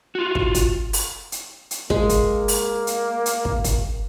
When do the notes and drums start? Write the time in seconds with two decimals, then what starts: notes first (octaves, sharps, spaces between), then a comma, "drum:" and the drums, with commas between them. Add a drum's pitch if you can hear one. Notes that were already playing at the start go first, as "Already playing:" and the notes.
0.15 F4 F#4
0.35 drum: kick
0.55 drum: kick, hi-hat
0.93 drum: open hi-hat
1.32 drum: hi-hat
1.71 drum: hi-hat
1.90 G#3 A#3, drum: kick
2.09 drum: kick, hi-hat
2.48 drum: open hi-hat
2.87 drum: hi-hat
3.26 drum: hi-hat
3.45 drum: kick
3.64 drum: kick, hi-hat